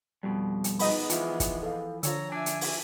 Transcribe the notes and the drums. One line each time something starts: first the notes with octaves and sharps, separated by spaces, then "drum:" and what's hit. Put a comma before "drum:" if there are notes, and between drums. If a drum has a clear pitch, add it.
F2 B2 G3
drum: hi-hat
G#3 B3 D#4 D#5 B5, drum: open hi-hat
E3 F3 F4 E5, drum: hi-hat
drum: kick, hi-hat
A4 F5
D3 F3 C#5 A#5 E6, drum: hi-hat
D4 E5 G#5
drum: hi-hat
drum: open hi-hat